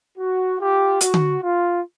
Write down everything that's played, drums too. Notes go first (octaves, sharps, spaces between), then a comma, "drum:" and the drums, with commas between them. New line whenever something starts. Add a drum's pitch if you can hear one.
F#4
F4 G4
F#4, drum: hi-hat
drum: tom D3
F4